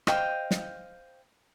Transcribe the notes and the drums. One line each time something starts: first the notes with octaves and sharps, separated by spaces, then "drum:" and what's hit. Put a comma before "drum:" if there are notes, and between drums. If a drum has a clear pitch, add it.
C5 D#5 F5 G5, drum: rim click
drum: snare